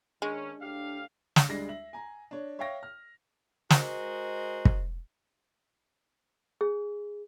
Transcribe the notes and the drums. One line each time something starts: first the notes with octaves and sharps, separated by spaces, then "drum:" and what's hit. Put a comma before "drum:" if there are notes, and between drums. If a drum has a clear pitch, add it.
D#3 G#3 C#4 D4
A2 G4 F5
drum: snare
D2 G3 G#3 D4 A#6 C7
E5 F#7
G#5 A#5
D4 C#5
C#5 E5 F5 G5 C#6 A#6
F6
G#3 F#4 A#4 C5 D#5, drum: snare
drum: kick
G#4